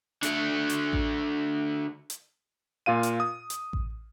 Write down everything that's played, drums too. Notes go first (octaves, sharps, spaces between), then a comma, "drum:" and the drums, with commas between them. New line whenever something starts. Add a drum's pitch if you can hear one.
D3 A3, drum: hi-hat
drum: hi-hat
drum: kick A1
drum: hi-hat
A#2 F4 F5 D#7
drum: hi-hat
D#6
drum: hi-hat
drum: kick A1